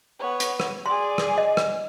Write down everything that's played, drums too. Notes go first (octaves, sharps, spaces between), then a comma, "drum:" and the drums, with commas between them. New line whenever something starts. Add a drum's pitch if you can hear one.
B3 C#5
drum: hi-hat
drum: rim click
G#4 D5 C6
drum: rim click
D#5
drum: rim click